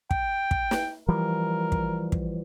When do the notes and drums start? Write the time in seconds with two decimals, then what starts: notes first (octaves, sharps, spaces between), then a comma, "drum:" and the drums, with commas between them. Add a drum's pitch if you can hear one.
0.11 G5, drum: kick
0.51 drum: kick
0.71 drum: snare
1.08 E3 F3 G3 A#4
1.72 drum: kick
2.12 drum: kick